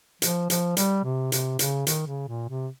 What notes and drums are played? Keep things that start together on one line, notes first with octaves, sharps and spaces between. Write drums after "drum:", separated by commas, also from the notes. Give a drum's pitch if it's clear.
F3, drum: hi-hat
F3, drum: hi-hat
G3, drum: hi-hat
C3
C3, drum: hi-hat
C#3, drum: hi-hat
D#3, drum: hi-hat
C#3
A#2
C3